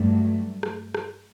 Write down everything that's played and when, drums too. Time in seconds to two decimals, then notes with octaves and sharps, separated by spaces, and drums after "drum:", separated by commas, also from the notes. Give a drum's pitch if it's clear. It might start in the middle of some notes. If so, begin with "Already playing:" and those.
Already playing: G2 F#3 A3
0.63 drum: rim click
0.95 drum: rim click